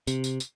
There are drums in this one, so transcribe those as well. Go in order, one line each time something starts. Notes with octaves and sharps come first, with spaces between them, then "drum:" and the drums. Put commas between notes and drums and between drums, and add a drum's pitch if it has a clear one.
C3, drum: tambourine
drum: tambourine
drum: tambourine